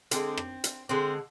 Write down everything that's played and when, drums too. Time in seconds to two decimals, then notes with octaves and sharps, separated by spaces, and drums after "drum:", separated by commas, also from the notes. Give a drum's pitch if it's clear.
0.11 D3 G#3 C4, drum: hi-hat
0.37 drum: rim click
0.64 drum: hi-hat
0.89 D3 G#3 C4